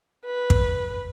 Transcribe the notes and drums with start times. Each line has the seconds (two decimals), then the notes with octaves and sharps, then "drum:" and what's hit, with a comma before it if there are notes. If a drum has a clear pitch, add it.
0.25 B4
0.50 drum: kick